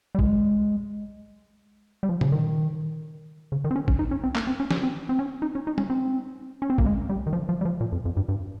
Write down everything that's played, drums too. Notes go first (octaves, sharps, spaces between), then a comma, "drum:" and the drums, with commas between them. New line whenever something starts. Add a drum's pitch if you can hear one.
G3
G#3, drum: kick
G3
F3
C#3, drum: tom A#2
D#3
C#3
D#3
C4
C#4
C#4, drum: kick
D#4
C#4
C4
A#3, drum: clap
C4
C#4
C#4, drum: snare
C4
C4
C#4
D#4
C#4
D#4
C#4, drum: tom
C4
C#4
C4
A#3, drum: kick
G#3
G3
D#3
F3
F3
G3
F3
A#2
F2
F2
G2
G2